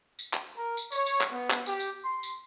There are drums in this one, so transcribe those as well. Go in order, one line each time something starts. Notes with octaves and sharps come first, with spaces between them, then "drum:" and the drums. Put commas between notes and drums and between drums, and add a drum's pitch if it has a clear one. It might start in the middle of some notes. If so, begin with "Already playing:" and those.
drum: tambourine
drum: clap
A#4
drum: tambourine
C#5, drum: tambourine
drum: tambourine
drum: clap
B3
drum: clap
G4, drum: tambourine
drum: tambourine
C6
drum: tambourine